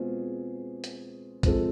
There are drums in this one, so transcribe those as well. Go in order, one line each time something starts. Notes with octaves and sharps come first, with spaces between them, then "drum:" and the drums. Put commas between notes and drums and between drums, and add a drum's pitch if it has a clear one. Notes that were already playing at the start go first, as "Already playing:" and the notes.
Already playing: B2 G#3 C4 F4 G#4
drum: hi-hat
F3 G#3 C4 F4 A4, drum: kick, hi-hat